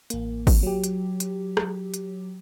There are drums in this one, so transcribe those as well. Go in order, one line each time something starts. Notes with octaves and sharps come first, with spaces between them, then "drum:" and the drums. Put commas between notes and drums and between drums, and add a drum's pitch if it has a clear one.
A1 A#3, drum: hi-hat
drum: kick G#1, open hi-hat
F#3 G4
drum: hi-hat
drum: hi-hat
drum: rim click
drum: hi-hat